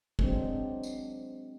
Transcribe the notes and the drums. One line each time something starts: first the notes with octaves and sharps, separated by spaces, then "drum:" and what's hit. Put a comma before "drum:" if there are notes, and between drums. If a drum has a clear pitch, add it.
F#3 G#3 C4 D4, drum: kick
drum: tambourine